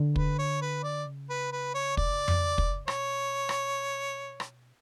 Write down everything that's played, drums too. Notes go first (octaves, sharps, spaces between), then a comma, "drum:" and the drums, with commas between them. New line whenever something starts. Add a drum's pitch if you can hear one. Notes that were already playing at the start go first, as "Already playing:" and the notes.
Already playing: D3
B4, drum: kick
C#5
B4
D5
C#3
B4
B4
C#5
D5, drum: kick
drum: tom F2
drum: kick
B2 C#5, drum: rim click
drum: rim click
drum: rim click